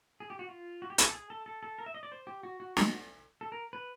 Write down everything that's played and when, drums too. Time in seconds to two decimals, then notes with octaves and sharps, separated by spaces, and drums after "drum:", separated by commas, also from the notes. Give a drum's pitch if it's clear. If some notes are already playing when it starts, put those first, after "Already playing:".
0.20 G#4
0.30 G4
0.39 F#4
0.49 F4
0.82 F#4
0.90 G4
0.98 G#4, drum: hi-hat
1.06 A4
1.14 G#4
1.30 A4
1.46 A4
1.63 A4
1.78 A#4
1.86 E5
1.94 D#5
2.03 D5
2.12 C5
2.27 G4
2.43 F#4
2.60 F#4
2.77 F#4, drum: snare
3.41 A4
3.52 A#4
3.73 B4